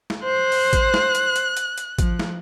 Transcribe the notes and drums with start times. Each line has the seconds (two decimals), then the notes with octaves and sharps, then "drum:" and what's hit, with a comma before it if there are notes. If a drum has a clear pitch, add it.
0.10 drum: snare
0.24 C5 F#6
0.52 drum: open hi-hat
0.73 drum: kick A1, hi-hat
0.94 drum: snare
1.15 drum: hi-hat
1.36 drum: hi-hat
1.57 drum: hi-hat
1.78 drum: hi-hat
1.99 F3, drum: kick A1, hi-hat
2.19 drum: snare